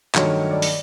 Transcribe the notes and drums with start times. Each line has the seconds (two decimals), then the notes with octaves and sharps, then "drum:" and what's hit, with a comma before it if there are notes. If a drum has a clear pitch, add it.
0.15 G2 D#3 F#3 A3 C#5, drum: clap
0.51 D5
0.62 drum: open hi-hat